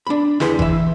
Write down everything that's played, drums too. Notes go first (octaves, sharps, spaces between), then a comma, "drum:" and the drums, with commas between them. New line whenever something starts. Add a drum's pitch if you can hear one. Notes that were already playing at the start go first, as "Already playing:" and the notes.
D4 B5
E2 E4 G#4 B4 C6, drum: snare
E3 E5, drum: kick G1